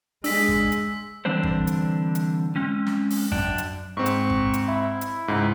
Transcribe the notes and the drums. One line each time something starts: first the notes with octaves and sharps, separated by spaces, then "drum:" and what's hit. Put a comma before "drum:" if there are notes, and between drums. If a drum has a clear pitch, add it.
G#3 D4 E6 B6, drum: open hi-hat
drum: kick G#1
drum: hi-hat
D3 E3 G3 C4 D4 C5
drum: kick G#1
drum: hi-hat
drum: hi-hat
G#3 C4 C#4
drum: snare
drum: open hi-hat
F#2 D4 G5, drum: kick G#1
drum: hi-hat
G#2 C4 C#6
drum: hi-hat
drum: kick G#1
drum: hi-hat
E4
drum: hi-hat
C#2 G#2